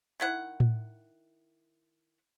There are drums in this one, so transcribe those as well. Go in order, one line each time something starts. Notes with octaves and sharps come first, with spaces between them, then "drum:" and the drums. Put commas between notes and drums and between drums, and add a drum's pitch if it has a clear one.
D#3 E4 F#5
drum: tom A2